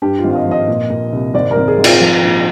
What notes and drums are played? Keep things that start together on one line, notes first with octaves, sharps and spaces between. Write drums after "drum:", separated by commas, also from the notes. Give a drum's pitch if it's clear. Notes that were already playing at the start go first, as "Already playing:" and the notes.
G2 G4
F4
G#1
F5
D#5
F3
D#5
A#2
A#2
C2
G#1 D5
A#4
G#1
G#4
G#1
F4, drum: cymbal
F3
A#1